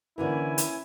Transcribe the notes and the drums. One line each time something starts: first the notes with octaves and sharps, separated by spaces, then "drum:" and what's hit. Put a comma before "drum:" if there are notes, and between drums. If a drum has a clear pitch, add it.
D3 E3 A#3 C#4 E4 B4 G#5
drum: hi-hat